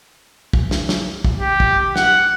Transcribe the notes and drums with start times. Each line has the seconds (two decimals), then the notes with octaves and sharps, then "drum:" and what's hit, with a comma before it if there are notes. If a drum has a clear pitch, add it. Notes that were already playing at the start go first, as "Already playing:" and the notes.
0.53 drum: kick
0.71 drum: snare
0.89 drum: snare
1.25 drum: kick
1.39 G4
1.60 drum: kick
1.96 F#5, drum: snare